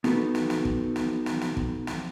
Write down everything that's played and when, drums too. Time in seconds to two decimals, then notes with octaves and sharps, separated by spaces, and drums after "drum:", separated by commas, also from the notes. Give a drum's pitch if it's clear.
0.04 B3 D#4 F#4 A4 B4, drum: snare
0.35 drum: snare
0.50 drum: snare
0.65 drum: kick
0.96 drum: snare
1.26 drum: snare
1.41 drum: snare
1.57 drum: kick
1.87 drum: snare